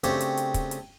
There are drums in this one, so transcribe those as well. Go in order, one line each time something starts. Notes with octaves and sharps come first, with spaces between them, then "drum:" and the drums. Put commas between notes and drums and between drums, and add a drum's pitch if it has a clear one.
C#3 A3 C4 D4 G4 C#5, drum: hi-hat
drum: hi-hat
drum: hi-hat
drum: kick, hi-hat
drum: hi-hat